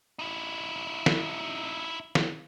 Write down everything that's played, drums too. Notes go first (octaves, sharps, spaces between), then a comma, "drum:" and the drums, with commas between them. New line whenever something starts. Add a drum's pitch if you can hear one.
D#4 E4
drum: snare
drum: snare